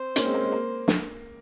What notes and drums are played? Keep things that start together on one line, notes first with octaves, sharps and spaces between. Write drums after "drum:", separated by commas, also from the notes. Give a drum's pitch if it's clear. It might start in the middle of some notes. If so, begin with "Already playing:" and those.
Already playing: C4 C5
A#3 C#4, drum: hi-hat
G#3 C4
A#3
G#3
A#3
drum: snare